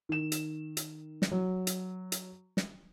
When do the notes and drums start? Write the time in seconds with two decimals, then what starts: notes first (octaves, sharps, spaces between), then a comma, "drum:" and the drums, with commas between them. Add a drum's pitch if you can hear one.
0.09 D#3 E7
0.32 drum: hi-hat
0.77 drum: hi-hat
1.22 drum: snare
1.31 F#3
1.67 drum: hi-hat
2.12 drum: hi-hat
2.57 drum: snare